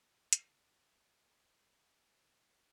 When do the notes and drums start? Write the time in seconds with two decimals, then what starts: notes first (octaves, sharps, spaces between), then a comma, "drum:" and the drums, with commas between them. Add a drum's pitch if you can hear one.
0.33 C#2 D3 B3, drum: hi-hat